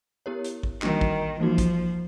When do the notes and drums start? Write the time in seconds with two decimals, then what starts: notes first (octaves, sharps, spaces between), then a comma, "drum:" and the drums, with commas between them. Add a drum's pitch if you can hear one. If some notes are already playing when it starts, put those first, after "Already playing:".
0.26 B3 E4 G4 A#4 C#5
0.44 drum: hi-hat
0.63 drum: kick
0.82 D#3 E3 G3 A#3 D4 F#4, drum: clap
1.01 drum: kick
1.39 E3 F3 G3 A#3 D#4 F#4
1.58 drum: kick, hi-hat